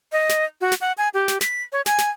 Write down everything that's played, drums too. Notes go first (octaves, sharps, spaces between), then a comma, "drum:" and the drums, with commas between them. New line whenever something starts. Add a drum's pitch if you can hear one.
D#5
drum: snare
F#4
drum: snare
F#5
G#5
G4
drum: snare
B6, drum: snare
C#5
G#5, drum: snare
drum: snare